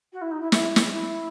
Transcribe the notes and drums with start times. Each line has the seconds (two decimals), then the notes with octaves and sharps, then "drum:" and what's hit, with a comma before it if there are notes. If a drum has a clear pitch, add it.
0.12 F#4
0.21 E4
0.31 D#4
0.40 E4
0.52 E4, drum: snare
0.76 drum: snare
0.91 E4